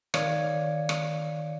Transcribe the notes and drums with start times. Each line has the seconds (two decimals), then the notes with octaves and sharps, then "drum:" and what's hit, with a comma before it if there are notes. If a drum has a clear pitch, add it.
0.14 D#3 C#5 D5 F5 G#6, drum: rim click
0.89 drum: rim click